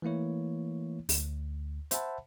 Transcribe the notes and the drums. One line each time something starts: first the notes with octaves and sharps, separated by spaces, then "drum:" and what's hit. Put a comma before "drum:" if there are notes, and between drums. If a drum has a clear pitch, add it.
E3 A3 A#3 E4 C#5
D2, drum: open hi-hat
C5 E5 F#5 A5 B5, drum: hi-hat